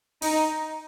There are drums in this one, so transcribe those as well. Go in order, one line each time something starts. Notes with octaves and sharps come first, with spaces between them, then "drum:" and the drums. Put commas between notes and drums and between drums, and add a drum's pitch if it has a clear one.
D#4, drum: open hi-hat